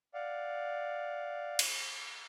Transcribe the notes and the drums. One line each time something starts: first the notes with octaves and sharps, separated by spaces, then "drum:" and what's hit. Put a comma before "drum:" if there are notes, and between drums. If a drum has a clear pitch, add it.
D5 F5 F#5
drum: cymbal